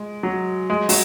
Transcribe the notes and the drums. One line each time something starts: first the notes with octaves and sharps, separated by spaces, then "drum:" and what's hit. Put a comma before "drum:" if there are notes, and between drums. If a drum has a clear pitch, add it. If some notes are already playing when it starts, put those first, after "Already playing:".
Already playing: G#3
F#3
G#3
F#3, drum: open hi-hat